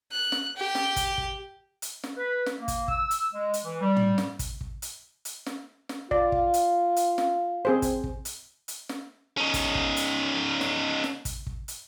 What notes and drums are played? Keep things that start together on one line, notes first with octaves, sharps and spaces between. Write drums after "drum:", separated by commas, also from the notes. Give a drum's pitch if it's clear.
F#6
drum: snare
G4
drum: snare
drum: kick, hi-hat
drum: kick
drum: hi-hat
drum: snare
B4
drum: snare
A#3
drum: kick, hi-hat
E6, drum: kick
drum: hi-hat
G#3
drum: hi-hat
E3
G3
drum: tom
drum: snare
drum: kick, hi-hat
drum: kick
drum: hi-hat
drum: hi-hat
drum: snare
drum: snare
F4 D5, drum: kick
drum: kick
drum: hi-hat
drum: hi-hat
drum: snare
C4 G#4 C5
drum: kick, hi-hat
drum: kick
drum: hi-hat
drum: hi-hat
drum: snare
C#4 D#4
drum: kick, hi-hat
drum: kick
drum: hi-hat
drum: snare
drum: snare
drum: kick, hi-hat
drum: kick
drum: hi-hat